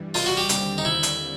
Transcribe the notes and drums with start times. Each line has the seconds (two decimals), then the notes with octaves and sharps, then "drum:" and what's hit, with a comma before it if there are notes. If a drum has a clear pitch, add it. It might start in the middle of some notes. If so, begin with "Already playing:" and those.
Already playing: G2 E3 G3
0.14 F4, drum: open hi-hat
0.26 F#4
0.37 G4
0.49 D#2 D3 G3 C4 G4, drum: hi-hat
0.78 D#4
0.85 E4
1.03 drum: hi-hat